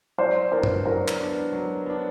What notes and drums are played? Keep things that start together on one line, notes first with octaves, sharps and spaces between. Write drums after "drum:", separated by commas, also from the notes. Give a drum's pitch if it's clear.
F#3 C5 D5
B3 D4 A#4 C5
drum: tom F#2
F#3 A#4 C5
drum: clap
B3 D4
F#3
B3 D4